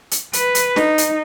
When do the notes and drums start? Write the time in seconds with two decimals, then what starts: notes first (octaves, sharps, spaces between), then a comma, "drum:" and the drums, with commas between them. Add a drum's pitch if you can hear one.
0.11 drum: hi-hat
0.33 B4, drum: hi-hat
0.55 drum: hi-hat
0.76 D#4, drum: snare
0.98 drum: hi-hat